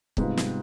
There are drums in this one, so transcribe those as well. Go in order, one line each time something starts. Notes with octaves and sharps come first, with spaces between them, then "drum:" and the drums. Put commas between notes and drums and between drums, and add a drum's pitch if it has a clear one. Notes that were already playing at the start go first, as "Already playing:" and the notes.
G#2 C3 G3 B3 F4, drum: kick
drum: snare